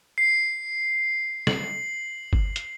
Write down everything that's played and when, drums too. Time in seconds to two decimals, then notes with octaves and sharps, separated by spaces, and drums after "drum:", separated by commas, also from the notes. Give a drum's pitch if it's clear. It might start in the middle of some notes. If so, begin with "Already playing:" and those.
0.18 C7
1.47 F#7, drum: snare
2.33 drum: kick G1
2.56 drum: hi-hat